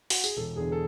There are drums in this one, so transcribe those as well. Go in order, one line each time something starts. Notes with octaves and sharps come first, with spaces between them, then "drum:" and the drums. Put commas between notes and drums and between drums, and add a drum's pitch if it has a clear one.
F#4, drum: open hi-hat
G#4, drum: tambourine
E1 A4
E2 D3 G#4
A4